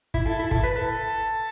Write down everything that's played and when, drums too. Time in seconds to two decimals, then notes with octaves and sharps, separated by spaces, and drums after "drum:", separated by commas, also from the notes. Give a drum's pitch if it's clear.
0.14 E4, drum: kick
0.27 A4
0.39 E4
0.51 A4, drum: kick
0.63 B4
0.76 A4